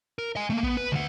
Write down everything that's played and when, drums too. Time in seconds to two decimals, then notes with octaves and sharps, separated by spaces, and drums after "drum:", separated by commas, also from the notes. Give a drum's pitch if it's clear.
0.19 A#4
0.36 D#5 G#5
0.50 A3 A#3
0.63 B3, drum: kick
0.77 B4
0.92 D2 F#5